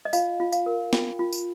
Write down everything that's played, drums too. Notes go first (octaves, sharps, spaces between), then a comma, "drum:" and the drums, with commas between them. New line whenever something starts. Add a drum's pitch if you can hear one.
D#5
F4 F5, drum: tambourine
F4
F5, drum: tambourine
A#4
F4 G5, drum: snare B3
F4
drum: tambourine